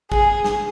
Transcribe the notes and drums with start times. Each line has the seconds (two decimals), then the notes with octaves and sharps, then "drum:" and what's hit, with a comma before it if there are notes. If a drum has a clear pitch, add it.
0.12 G#4, drum: kick
0.44 drum: snare